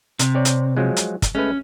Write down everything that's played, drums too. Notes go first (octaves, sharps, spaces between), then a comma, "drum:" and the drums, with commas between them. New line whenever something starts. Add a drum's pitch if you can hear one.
C3, drum: hi-hat
C4 C#5 D5
drum: hi-hat
F3 F#3 G#3
drum: hi-hat
drum: kick, hi-hat
G#3 A3 C#4 B4